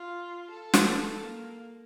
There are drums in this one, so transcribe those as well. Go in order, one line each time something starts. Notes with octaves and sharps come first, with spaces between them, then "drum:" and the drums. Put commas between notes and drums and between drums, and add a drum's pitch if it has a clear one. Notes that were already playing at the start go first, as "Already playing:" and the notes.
Already playing: F4
A4
drum: snare
A#3